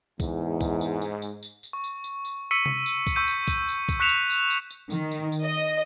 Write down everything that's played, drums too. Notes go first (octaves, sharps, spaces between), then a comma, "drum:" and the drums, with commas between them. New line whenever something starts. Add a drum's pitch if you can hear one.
E2 G#2, drum: kick, tambourine
drum: kick, tambourine
drum: tambourine
drum: tambourine
drum: tambourine
drum: tambourine
drum: tambourine
C#6
drum: tambourine
drum: tambourine
drum: tambourine
C#6 E6 B6 C#7 D#7
drum: tom C3
drum: tambourine
drum: kick, tambourine
C#6 E6 G6 D#7
drum: tambourine
drum: kick, tambourine
drum: tambourine
drum: kick, tambourine
C#6 F#6 B6 C#7 E7 F7
drum: tambourine
drum: tambourine
drum: tambourine
drum: tambourine
D#3, drum: tambourine
drum: tambourine
drum: tambourine
D#5